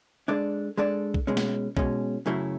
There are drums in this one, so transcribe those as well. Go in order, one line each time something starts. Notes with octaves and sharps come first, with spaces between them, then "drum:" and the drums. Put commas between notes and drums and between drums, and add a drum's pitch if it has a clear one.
G#3 D4 A4 D5
G#3 D4 A4 D5
drum: kick B1
B2 G#3 C#4
drum: snare
B2 G#3 C#4, drum: kick B1
F#2 C#3 F#3 A3 E4